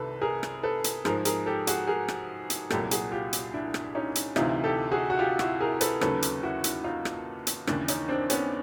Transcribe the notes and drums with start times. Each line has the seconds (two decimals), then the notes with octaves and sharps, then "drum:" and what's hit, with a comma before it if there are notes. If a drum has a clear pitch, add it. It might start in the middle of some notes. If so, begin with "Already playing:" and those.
Already playing: C2 C3 D#3 A4 B4
0.22 G#4 A#4
0.43 drum: rim click
0.63 A4 B4
0.84 drum: hi-hat
1.05 G#2 F3 G#4 A#4, drum: rim click
1.25 G#4 A#4, drum: hi-hat
1.46 G4 A4
1.67 F#4 G#4, drum: hi-hat
1.87 G#4 A#4
2.08 drum: rim click
2.50 drum: hi-hat
2.70 C2 A#2 F#3 G4 A4, drum: rim click
2.91 F#4 G#4, drum: hi-hat
3.12 F4 G4
3.33 drum: hi-hat
3.54 D4 E4
3.74 drum: rim click
3.95 C#4 D#4
4.15 drum: hi-hat
4.36 D2 C3 E3 D#4 F4, drum: rim click
4.64 G4 A4
4.92 F#4 G#4
5.10 F#4
5.19 F4 G4
5.39 E4 F#4, drum: rim click
5.61 G#4 A#4
5.81 A4 B4, drum: hi-hat
6.01 D#2 C#3 F#3 A4 B4, drum: rim click
6.22 drum: hi-hat
6.43 E4 F#4
6.64 drum: hi-hat
6.84 D#4 F4
7.05 drum: rim click
7.47 drum: hi-hat
7.67 D#2 C#3 E3 D4 E4, drum: rim click
7.88 C#4 D#4, drum: hi-hat
8.08 C4 D4
8.30 B3 C#4, drum: hi-hat